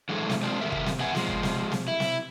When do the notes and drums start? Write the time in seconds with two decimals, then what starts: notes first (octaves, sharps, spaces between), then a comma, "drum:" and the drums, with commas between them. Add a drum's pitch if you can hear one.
0.09 D3 E3 F#3 G#3 A3
0.30 drum: snare
0.42 G#3 C4 D4 F4 F#4 A#4
0.61 C#3 E3 F#3 G4 A#4 E5
0.72 drum: kick
0.86 drum: snare
1.00 G#2 B3 B4 E5 F#5 G#5
1.15 F3 G#3, drum: snare
1.29 drum: kick
1.43 drum: snare
1.72 drum: snare
1.88 E4
2.00 drum: snare